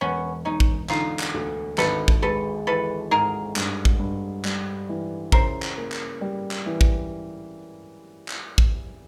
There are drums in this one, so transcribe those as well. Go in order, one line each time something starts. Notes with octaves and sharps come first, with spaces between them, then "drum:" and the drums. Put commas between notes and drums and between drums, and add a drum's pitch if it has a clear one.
E1 B3 C#4
E1 C#4 D#4
drum: kick
D3 D#4 F4, drum: clap
drum: clap
D2
G#1 A4 B4, drum: clap
drum: kick
G#3 A4 B4
E3 A4 B4
G#2 G#4 A#4
G2, drum: clap
drum: kick
G2
G3, drum: clap
E3
C#3 A#4 C5, drum: kick
drum: clap
A#3
drum: clap
G3
drum: clap
E3
drum: kick
drum: clap
drum: kick